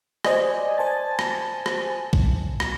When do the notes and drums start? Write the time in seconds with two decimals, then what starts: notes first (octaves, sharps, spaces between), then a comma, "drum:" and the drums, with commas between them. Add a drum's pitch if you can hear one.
0.25 C5 D5 D#5 G#5, drum: rim click
0.78 C5 G#5 A5 A6
1.19 drum: rim click
1.66 drum: rim click
2.13 drum: kick B1
2.60 drum: rim click